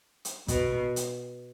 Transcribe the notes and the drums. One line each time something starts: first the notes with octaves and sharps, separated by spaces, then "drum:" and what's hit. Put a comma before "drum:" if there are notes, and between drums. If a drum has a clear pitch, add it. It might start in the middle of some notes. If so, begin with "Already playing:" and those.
drum: hi-hat
B2, drum: kick, hi-hat
drum: hi-hat